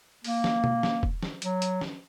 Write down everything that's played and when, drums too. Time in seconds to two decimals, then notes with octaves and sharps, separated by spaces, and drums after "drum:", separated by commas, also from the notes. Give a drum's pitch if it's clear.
0.24 A#3, drum: open hi-hat
0.44 drum: snare
0.64 drum: tom B2
0.83 drum: snare
1.03 drum: kick E1
1.23 drum: snare
1.42 F#3, drum: hi-hat
1.62 drum: hi-hat
1.81 drum: snare